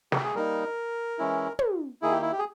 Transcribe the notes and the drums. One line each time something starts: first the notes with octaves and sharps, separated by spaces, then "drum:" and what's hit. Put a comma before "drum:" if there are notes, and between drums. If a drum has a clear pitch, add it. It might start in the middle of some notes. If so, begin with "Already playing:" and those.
G4, drum: snare
G#4
G3 A#3 D#4 A#4
E3 G#3 C#4 E4
drum: tom
D#3 A#3 E4 G#4
G4
E4
G4
G#4